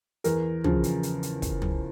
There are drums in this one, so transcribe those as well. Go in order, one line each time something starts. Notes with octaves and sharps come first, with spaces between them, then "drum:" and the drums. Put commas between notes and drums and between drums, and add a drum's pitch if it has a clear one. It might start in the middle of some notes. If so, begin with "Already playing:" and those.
E2 A#4, drum: hi-hat
C#3 F3, drum: tom
drum: hi-hat
drum: hi-hat
drum: hi-hat
drum: kick, hi-hat
drum: tom